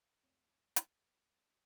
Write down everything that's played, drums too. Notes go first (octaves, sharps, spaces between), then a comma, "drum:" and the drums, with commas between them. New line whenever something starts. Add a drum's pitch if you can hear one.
C2 F2 A2 C4 C#5 D5
B4, drum: hi-hat